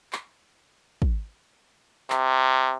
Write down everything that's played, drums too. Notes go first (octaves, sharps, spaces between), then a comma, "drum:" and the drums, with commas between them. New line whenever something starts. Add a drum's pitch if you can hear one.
drum: clap
drum: kick
C3, drum: clap